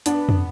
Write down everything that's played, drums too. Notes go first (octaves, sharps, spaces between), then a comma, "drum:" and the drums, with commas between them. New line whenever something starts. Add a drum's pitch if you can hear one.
B3 D4, drum: hi-hat
drum: tom